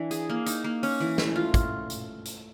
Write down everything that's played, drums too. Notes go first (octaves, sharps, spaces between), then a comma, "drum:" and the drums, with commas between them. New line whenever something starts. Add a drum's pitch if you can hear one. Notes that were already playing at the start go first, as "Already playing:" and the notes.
Already playing: E3 D4
G#4, drum: hi-hat
A#3
D#4, drum: hi-hat
A#3
C#4, drum: open hi-hat
E3
A3, drum: snare
F4
drum: kick, hi-hat
drum: hi-hat
drum: hi-hat